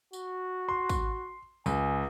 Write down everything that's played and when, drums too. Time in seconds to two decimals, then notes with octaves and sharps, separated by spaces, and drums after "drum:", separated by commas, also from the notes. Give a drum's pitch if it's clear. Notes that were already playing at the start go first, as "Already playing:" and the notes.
0.13 F#4, drum: tambourine
0.69 C6
0.89 drum: kick, tambourine
1.66 C#2 G#5, drum: tambourine